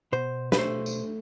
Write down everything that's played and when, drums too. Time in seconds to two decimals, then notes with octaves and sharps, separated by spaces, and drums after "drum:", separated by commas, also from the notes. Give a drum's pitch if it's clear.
0.12 B2 C5
0.52 B4, drum: snare
0.58 A3 C5
0.86 drum: tambourine